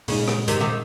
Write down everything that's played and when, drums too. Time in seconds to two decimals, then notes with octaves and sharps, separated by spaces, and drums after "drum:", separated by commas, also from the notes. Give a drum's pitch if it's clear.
0.08 A#2 C#3 G#3 D#4, drum: open hi-hat
0.28 drum: rim click
0.48 C3 D#3, drum: hi-hat
0.60 C3 D#3